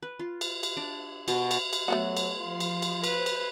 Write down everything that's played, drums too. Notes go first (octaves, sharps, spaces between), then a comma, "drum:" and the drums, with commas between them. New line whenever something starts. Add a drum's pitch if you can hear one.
B4
F4
drum: cymbal
drum: cymbal
D4
B2, drum: cymbal
drum: cymbal
drum: cymbal
F#3 A3 B3 F#4
drum: cymbal
F3 F4 C7
drum: cymbal
drum: cymbal
B4 C5, drum: cymbal
drum: cymbal